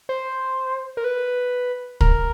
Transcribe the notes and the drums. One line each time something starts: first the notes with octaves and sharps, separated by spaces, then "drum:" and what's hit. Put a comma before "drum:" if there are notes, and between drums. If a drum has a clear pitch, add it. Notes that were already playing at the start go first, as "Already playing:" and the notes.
C5
A#4
B4
A#4, drum: kick